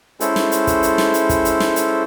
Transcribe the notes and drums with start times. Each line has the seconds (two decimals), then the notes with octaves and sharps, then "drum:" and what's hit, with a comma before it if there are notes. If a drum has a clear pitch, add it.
0.20 G#3 C#4 E4 A4 C5, drum: hi-hat
0.36 drum: snare
0.52 drum: hi-hat
0.67 drum: kick, hi-hat
0.83 drum: hi-hat
0.98 drum: snare
1.14 drum: hi-hat
1.29 drum: kick, hi-hat
1.45 drum: hi-hat
1.60 drum: snare
1.76 drum: hi-hat